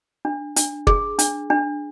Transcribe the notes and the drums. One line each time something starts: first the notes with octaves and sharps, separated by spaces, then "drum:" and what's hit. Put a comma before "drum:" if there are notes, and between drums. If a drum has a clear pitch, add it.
D4
D4, drum: hi-hat
G#4, drum: kick
D4, drum: hi-hat
D4